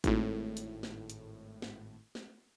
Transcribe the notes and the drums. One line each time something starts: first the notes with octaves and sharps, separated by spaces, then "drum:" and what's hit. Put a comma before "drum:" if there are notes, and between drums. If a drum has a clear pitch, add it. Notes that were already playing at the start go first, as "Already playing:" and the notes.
G#1 A2, drum: kick, hi-hat
drum: hi-hat
drum: snare
drum: hi-hat
drum: snare
drum: snare